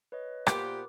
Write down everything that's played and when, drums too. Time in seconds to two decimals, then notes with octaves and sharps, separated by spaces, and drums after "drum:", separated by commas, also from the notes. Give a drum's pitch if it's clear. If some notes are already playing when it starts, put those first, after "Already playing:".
0.12 B4 C#5 D#5
0.47 A#2 B3 G4 A#4 C5 D6, drum: rim click